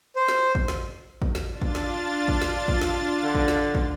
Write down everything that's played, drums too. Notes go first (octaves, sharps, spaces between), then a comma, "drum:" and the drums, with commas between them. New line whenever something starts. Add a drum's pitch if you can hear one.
C5
drum: snare
drum: kick
drum: snare
drum: kick
drum: snare
D4 F4 A6
drum: kick
drum: snare
drum: kick
drum: snare
drum: kick
drum: snare
D3
drum: kick
drum: snare
drum: kick